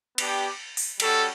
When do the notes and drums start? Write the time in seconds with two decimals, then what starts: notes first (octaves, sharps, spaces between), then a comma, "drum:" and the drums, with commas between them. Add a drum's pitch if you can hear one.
0.18 B3 D4 G4, drum: cymbal
0.77 drum: open hi-hat
1.00 G3 C#4 F#4 A4, drum: cymbal